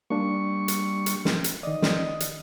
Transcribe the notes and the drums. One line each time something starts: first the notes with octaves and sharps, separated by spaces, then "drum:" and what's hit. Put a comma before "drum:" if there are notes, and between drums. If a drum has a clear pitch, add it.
G3 A#3 D4 C#6
drum: hi-hat
drum: hi-hat
drum: snare
drum: hi-hat
D#3 D5 D#5
drum: snare
drum: hi-hat